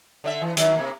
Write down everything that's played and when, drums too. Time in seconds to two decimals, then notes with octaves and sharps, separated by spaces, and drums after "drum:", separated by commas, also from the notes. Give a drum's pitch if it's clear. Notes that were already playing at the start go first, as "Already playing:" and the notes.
0.24 D3 D5 E5
0.42 E3
0.57 D#3 F#3, drum: hi-hat
0.76 C3 A#3